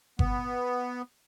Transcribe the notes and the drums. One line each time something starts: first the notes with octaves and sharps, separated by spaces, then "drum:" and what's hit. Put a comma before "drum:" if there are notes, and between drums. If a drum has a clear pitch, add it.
B3, drum: kick G1